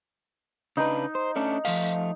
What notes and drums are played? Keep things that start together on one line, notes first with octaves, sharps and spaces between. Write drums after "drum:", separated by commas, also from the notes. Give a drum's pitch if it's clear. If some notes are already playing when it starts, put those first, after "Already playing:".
C#3 D4 D#4 B4
C5
A3 C#4 D4
F3 A3 F5, drum: open hi-hat